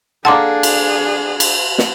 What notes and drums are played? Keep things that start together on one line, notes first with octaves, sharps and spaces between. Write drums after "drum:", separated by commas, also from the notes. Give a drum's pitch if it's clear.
A#3 D4 G#4 A4 F#5 C6 D6
drum: cymbal
drum: cymbal
drum: snare